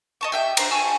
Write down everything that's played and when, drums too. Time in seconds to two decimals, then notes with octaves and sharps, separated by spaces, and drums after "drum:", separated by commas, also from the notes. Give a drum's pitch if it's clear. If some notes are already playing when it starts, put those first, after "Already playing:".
0.21 D#5 A5 C#6
0.32 G4 E5 G5
0.57 D4 C5 A#5, drum: cymbal
0.71 G#5 A5 C#6 E6